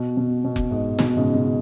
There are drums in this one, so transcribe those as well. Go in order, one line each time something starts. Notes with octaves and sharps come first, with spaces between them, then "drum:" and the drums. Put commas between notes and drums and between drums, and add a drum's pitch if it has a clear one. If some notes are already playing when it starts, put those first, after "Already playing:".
Already playing: B2
B2
B2
drum: kick F1
G#2
B2, drum: snare
G#2 C#3
B2